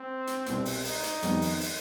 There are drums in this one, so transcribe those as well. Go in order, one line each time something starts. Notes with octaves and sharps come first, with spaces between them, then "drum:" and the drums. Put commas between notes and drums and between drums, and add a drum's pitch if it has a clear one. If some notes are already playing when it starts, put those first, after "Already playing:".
Already playing: C4
drum: hi-hat
C2 B2 B3, drum: hi-hat
drum: open hi-hat
D#4, drum: open hi-hat
drum: hi-hat
F2 D#3 G3 B3, drum: hi-hat
drum: open hi-hat
drum: open hi-hat